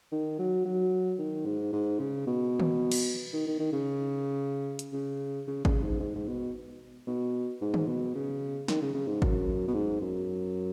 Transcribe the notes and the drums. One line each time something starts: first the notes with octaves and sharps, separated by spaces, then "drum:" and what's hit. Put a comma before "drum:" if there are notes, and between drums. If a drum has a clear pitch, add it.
D#3
F#3
F#3
D#3
G#2
G#2
C#3
B2
drum: tom D3
drum: cymbal
D#3
D#3
D#3
C#3
drum: hi-hat
C#3
C#3
C#3, drum: kick G#1
G#2
G#2
G#2
B2
B2
G#2
drum: tom D3
B2
C#3
D#3, drum: snare
C#3
C#3
G#2
F#2, drum: kick G#1
B2
G#2
F#2